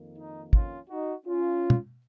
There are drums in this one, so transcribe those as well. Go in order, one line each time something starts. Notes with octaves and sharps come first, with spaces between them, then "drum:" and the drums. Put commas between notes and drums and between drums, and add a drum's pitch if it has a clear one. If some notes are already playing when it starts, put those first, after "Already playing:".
Already playing: F2 D#3 A#3
D#4
C#4 F4, drum: kick
D#4 F#4
C#4 F4
drum: tom